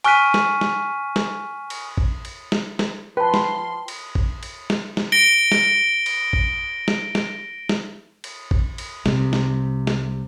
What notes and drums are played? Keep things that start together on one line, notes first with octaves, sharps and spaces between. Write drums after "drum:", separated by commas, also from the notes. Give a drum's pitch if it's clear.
G#5 C#6 F6 F#6 B6 D#7, drum: cymbal
drum: snare
drum: snare
drum: snare
drum: cymbal
drum: kick A1
drum: cymbal
drum: snare
drum: snare
F3 B4 G5 A5 C6
drum: snare
drum: cymbal
drum: kick A1
drum: cymbal
drum: snare
drum: snare
A#6 D7 G7
drum: snare
drum: cymbal
drum: kick A1
drum: snare
drum: snare
drum: snare
drum: cymbal
drum: kick A1
drum: cymbal
C2 C3, drum: snare
drum: snare
drum: snare